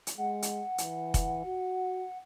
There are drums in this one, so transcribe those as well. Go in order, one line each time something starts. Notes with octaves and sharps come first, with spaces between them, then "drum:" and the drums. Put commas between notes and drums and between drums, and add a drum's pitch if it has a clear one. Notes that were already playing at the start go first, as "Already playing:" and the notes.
drum: hi-hat
G#3 F#5
drum: hi-hat
E3, drum: hi-hat
drum: kick F1, hi-hat
F#4